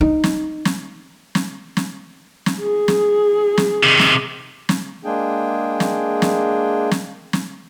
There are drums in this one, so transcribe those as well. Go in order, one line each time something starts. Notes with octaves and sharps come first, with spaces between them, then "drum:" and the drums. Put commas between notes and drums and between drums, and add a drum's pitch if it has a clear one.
D#4
drum: snare
drum: snare
drum: snare
drum: snare
drum: snare
G#4
drum: snare
drum: snare
C3 D#3
drum: snare
drum: snare
G#3 A#3 D4 G#4 G5
drum: snare
drum: snare
drum: snare
drum: snare